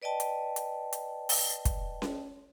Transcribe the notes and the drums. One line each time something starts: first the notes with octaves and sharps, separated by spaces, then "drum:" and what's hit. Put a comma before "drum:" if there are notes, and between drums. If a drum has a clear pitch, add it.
B4 D5 D#5 G5 A5
drum: hi-hat
drum: hi-hat
drum: hi-hat
drum: open hi-hat
drum: kick, hi-hat
drum: snare C#4